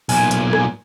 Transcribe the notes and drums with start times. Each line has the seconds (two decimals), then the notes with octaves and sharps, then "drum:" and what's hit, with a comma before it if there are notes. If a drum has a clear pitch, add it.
0.09 B1 A#2 G#5, drum: open hi-hat
0.31 drum: hi-hat
0.53 drum: rim click